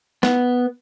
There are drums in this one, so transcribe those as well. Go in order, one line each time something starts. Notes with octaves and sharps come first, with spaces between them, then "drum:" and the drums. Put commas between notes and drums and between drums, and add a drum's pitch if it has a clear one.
B3, drum: snare